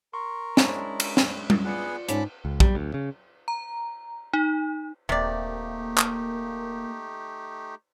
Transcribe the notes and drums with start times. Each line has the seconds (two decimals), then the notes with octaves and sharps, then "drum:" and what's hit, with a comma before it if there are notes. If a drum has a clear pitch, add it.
0.13 A#4 C6 C#6
0.57 G#3 C#4 D4 E4, drum: snare
1.00 drum: cymbal
1.17 drum: snare
1.50 drum: tom G3
1.65 B3 F4 G#4 D5 F#5 C#7
2.08 G#2 C#4 A5 B5 D6, drum: hi-hat
2.45 C#2
2.60 G3, drum: kick
2.75 D2
2.94 C#3
3.48 A#5
4.33 D#4
5.09 D#1 C3 A3 A#3 D#4 G4 D5
5.98 drum: clap